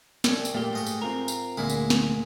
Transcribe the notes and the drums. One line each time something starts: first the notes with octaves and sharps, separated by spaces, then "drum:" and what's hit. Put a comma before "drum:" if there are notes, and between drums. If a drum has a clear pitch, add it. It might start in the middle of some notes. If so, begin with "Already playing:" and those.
C2 C#5, drum: snare
drum: tambourine
A#2 A3 G4
G#2 D#5 C#6
drum: tambourine
C4 F4 A#4
drum: tambourine
D2 A#2 G#3 E4
drum: tambourine
drum: snare